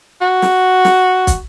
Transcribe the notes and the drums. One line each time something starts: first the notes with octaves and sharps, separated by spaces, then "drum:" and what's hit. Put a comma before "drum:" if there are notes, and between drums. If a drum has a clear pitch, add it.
F#4
drum: snare
drum: snare
drum: kick, hi-hat